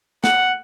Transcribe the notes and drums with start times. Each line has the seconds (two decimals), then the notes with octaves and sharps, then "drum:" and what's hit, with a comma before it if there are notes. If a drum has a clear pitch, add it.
0.24 F#5, drum: snare